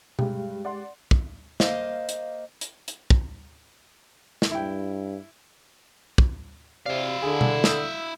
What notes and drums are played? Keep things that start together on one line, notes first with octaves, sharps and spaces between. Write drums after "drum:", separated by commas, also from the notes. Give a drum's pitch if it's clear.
G2 G#3 G4, drum: tom B2
D5 F#5 C6
drum: kick
A#3 C5 D#5 F5, drum: snare
drum: hi-hat
drum: hi-hat
drum: hi-hat
drum: kick
drum: snare
G2 E4 G5
drum: kick
C3 E4 D5 F5
D3 G#4
drum: tom B2
D#6 E6 G6, drum: snare